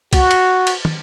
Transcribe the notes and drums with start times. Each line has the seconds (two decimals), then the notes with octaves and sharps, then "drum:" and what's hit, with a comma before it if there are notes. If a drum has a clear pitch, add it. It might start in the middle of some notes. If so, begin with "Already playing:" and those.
0.13 F#4, drum: kick C2, cymbal
0.31 drum: cymbal
0.67 drum: cymbal
0.85 drum: tom